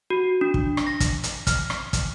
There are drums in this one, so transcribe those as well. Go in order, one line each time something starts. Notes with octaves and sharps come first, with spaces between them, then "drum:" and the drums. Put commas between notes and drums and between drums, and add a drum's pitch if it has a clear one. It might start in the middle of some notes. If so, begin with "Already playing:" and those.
F#4
D4
drum: kick
drum: rim click
A#6
drum: kick, hi-hat
drum: hi-hat
F6, drum: kick, hi-hat
drum: rim click
drum: kick, hi-hat